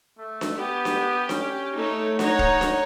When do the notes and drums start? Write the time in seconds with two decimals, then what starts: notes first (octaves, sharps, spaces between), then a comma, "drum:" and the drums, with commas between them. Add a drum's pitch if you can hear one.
0.18 A3
0.41 drum: snare D4
0.58 B3 G4
0.85 drum: snare D4
1.29 C#4, drum: snare D4
1.77 A3 D#4 C#5
2.19 D#4 C#5 F#5 A#5, drum: snare D4
2.39 drum: kick
2.61 drum: snare D4